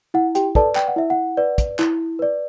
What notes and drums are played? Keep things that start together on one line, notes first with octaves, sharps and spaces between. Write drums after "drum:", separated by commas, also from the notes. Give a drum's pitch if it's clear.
E4 F#5
G4 G5, drum: hi-hat
A4 B4 D5 A5, drum: kick
G5, drum: clap
F#5
E4 E5
F#5
B4 D5
drum: kick, hi-hat
E4, drum: clap
B4 D5